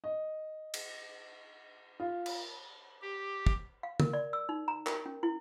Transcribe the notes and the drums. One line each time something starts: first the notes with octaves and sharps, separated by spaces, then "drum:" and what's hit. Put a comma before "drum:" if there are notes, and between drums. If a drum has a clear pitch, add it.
D#5
drum: cymbal
F4
drum: cymbal
G4
drum: kick
F5
A#4, drum: tom C#3
D5
E6
D#4
A#5
A#4, drum: clap
C#4
E4